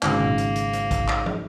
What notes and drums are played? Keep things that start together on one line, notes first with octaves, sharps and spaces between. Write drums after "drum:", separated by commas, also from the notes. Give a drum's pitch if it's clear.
G#1 C#3 A#3, drum: clap
drum: tom
drum: hi-hat
drum: hi-hat
drum: hi-hat
drum: kick A1, hi-hat
drum: clap
drum: tom